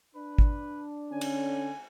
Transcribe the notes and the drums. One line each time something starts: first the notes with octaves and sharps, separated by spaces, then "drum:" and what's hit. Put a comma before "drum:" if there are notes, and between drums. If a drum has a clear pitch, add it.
D4 B4
drum: kick G#1
D3 C#4 G#5
drum: cymbal